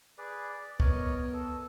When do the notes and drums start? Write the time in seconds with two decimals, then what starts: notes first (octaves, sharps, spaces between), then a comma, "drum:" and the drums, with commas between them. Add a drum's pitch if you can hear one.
0.18 G#4 B4 D5
0.49 D5
0.80 B3 A#4 C#5 D#5, drum: kick
1.33 A4